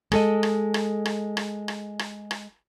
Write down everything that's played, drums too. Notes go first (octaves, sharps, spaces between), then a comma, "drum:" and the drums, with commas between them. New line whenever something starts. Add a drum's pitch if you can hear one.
G#3 A4 D#5, drum: rim click
drum: rim click
drum: rim click
drum: rim click
drum: rim click
drum: rim click
drum: rim click
drum: rim click